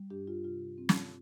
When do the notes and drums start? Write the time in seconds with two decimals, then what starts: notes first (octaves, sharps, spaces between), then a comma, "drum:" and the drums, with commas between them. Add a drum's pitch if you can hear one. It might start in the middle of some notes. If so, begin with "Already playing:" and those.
Already playing: G3
0.10 G2 D4 G4
0.28 F4
0.44 C3 F4
0.78 C4
0.89 drum: snare